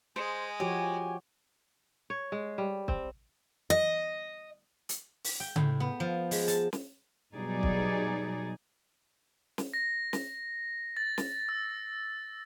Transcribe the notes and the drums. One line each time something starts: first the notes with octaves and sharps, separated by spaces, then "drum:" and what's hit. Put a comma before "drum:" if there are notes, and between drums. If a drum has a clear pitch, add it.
G#3 G#4 C5
F3 F#4 G4 C#5 G#5
C#5
G#3
G3
C4, drum: kick
D#5
drum: hi-hat
drum: open hi-hat
G5
A2, drum: tom C#3
B3
F3
G#3, drum: open hi-hat
A5, drum: hi-hat
drum: snare
B2 F#3 G3 D#4 G#4 D5
drum: kick
drum: snare
A#6
drum: snare
A6
drum: snare
E6